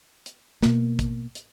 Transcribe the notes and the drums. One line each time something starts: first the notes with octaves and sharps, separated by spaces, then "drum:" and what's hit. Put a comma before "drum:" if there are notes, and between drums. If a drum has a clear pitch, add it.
drum: hi-hat
B2 A#3, drum: snare
drum: kick, hi-hat
drum: hi-hat